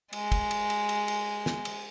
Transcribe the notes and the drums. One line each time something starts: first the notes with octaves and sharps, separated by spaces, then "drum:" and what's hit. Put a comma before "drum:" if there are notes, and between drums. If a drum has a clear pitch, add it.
G#3, drum: cymbal
drum: kick, cymbal
drum: cymbal
drum: cymbal
drum: cymbal
drum: cymbal
drum: snare
drum: cymbal